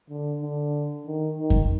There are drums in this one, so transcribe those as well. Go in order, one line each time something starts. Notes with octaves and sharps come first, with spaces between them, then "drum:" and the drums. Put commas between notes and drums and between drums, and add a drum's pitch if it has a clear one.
D3
D3
D#3
D#3
drum: kick F2